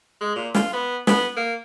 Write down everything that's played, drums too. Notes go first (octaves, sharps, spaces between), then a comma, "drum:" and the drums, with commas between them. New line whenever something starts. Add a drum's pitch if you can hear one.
G#3
A#2
F4, drum: snare
B3
B3, drum: snare
A#3